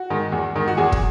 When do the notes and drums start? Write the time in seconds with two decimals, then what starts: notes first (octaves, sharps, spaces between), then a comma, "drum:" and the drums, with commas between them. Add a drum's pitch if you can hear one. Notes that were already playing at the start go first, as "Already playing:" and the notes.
Already playing: F#4
0.10 D#3 G#3
0.32 E2
0.55 D#3 G#3
0.68 F#4
0.77 E2 G#4
0.92 drum: kick